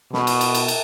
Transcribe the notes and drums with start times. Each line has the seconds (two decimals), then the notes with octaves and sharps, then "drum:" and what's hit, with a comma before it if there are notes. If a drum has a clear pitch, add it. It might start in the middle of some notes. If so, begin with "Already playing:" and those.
0.13 B2, drum: snare
0.27 drum: cymbal
0.41 drum: cymbal
0.55 drum: cymbal
0.68 drum: cymbal